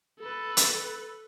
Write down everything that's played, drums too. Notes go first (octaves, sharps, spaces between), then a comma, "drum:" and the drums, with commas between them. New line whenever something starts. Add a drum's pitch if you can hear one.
A4 B4
drum: hi-hat